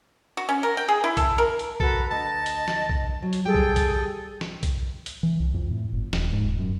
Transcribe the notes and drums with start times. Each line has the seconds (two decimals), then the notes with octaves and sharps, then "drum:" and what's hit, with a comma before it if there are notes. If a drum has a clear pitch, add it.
0.37 F#4
0.49 C#4
0.63 A#4
0.77 G5
0.88 G#4
1.04 E4
1.17 A4, drum: kick, hi-hat
1.38 A#4
1.59 drum: hi-hat
1.80 F#4 A4 B4 A#5, drum: kick
2.11 D2 D#5 A5
2.46 drum: hi-hat
2.68 drum: snare
2.89 drum: kick
3.22 F#3
3.33 drum: hi-hat
3.45 G3 G#4 A4 G5
3.54 drum: kick
3.76 drum: kick, hi-hat
4.41 drum: snare
4.63 drum: kick, hi-hat
5.06 drum: hi-hat
5.23 E3
5.40 C2
5.54 F2
5.71 A2
5.93 G1
6.13 D#1, drum: snare
6.32 G#2
6.44 D#1
6.59 F#2